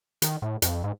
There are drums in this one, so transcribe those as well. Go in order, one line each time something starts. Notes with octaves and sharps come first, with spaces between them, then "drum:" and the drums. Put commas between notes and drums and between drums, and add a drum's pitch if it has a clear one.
D#3, drum: hi-hat
A2
F2, drum: hi-hat
G#2